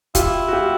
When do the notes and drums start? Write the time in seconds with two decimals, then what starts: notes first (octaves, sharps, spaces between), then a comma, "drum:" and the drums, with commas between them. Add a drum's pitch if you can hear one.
0.15 E4 F4 G4, drum: kick, hi-hat
0.48 F#4
0.53 F4 G4